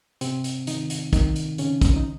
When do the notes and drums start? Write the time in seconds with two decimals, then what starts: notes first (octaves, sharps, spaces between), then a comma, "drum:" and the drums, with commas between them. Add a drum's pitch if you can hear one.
0.21 C3 C4, drum: hi-hat
0.44 drum: hi-hat
0.67 D#3 D#4, drum: hi-hat
0.90 drum: hi-hat
1.13 D#3 D#4, drum: kick, hi-hat
1.36 drum: hi-hat
1.58 C#3 C#4, drum: hi-hat
1.81 drum: kick, hi-hat
1.96 D#4